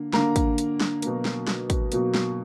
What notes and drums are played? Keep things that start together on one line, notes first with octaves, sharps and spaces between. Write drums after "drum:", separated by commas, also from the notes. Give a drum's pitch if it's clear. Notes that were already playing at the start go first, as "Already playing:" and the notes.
Already playing: D3 A#3
D3 A#3 A#5, drum: snare
drum: kick, hi-hat
drum: hi-hat
drum: snare
B2 F#3 A#3, drum: hi-hat
drum: snare
drum: snare
drum: kick, hi-hat
B2 F#3 A#3, drum: hi-hat
drum: snare